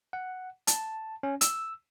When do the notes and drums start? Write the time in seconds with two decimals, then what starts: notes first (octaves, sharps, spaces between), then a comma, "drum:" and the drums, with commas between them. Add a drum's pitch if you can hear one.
0.13 F#5
0.67 A5, drum: hi-hat
1.23 C#4
1.41 E6, drum: hi-hat